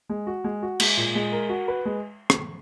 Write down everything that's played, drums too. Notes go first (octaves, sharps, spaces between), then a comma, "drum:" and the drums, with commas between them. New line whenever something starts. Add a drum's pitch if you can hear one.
G#3
F#4
G#3
F#4
G#3, drum: cymbal
A#2
G#3
A#4
F#4
B4
G#3
drum: rim click